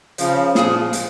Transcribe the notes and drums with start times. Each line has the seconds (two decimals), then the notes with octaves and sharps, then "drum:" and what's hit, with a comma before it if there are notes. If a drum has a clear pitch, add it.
0.18 C#3 F3, drum: hi-hat
0.55 A#2 G#4, drum: snare
0.60 F3
0.93 drum: hi-hat